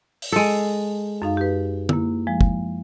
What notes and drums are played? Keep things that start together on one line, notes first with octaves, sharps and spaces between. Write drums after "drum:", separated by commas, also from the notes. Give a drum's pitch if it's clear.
drum: open hi-hat
G#3 A4
F#2 D#4 F5
G4 B4
A#3 E4, drum: tom
F3 G#3
drum: kick